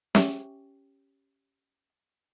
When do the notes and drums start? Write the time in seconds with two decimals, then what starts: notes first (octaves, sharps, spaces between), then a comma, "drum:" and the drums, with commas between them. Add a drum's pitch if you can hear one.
0.15 C#4 G4 E5, drum: snare C#4